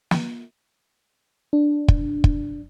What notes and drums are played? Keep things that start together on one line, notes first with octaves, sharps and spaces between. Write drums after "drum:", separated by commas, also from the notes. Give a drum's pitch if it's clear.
drum: snare
D4
drum: kick
drum: kick